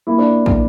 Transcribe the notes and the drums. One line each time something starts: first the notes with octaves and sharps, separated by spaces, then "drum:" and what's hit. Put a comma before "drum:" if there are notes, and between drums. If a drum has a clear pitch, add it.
A#3 E4
D4
drum: kick